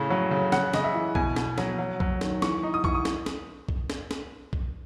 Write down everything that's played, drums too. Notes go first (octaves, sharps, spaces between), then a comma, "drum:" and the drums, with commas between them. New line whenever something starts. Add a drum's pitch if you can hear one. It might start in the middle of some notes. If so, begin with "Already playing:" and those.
Already playing: A2 C#3
F#3
C#3
C#3 F#5, drum: snare
C#3 D#5, drum: snare
E5
E3
B2 G#5, drum: kick
B2, drum: snare
F#3, drum: snare
F#3
F#3, drum: kick
D#3, drum: snare
E3 C#6, drum: snare
D#4
D#6
E3 C#6, drum: kick
D#6
drum: snare
drum: snare
drum: kick
drum: snare
drum: snare
drum: kick